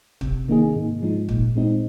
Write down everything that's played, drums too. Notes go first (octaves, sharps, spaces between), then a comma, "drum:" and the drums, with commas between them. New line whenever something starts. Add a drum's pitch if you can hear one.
C3, drum: kick
D#3 A#3 D#4 G#4
G#2
F3 G#3 D#4
A#2, drum: kick
G#3 C4 D#4